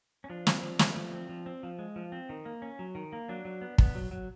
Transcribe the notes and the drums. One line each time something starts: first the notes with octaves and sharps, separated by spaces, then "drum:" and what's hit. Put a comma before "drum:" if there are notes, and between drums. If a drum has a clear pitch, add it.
C#4
F3 D4
C4, drum: snare
F3
A3, drum: snare
F3
C4
F3
C4
F3
G#3
F3
C4
D#3
A#3
C#4
F#3
D#3
A#3
F#3 D4
F#3
B3
B3, drum: kick
F#3
F#3